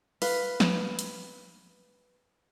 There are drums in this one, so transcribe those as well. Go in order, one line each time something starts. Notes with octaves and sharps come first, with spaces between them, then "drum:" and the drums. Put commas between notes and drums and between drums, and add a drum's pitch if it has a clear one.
B4 F5, drum: open hi-hat
drum: snare
drum: hi-hat